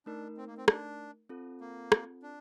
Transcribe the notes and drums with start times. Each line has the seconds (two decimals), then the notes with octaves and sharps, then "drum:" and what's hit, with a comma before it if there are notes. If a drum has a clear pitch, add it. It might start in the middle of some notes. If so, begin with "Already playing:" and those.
0.06 A3 D4 D#4 A#4
0.37 C4
0.47 A#3
0.58 C4
0.68 D4, drum: rim click
1.29 C4 F4 A4
1.61 A#3
1.92 drum: rim click
2.23 D4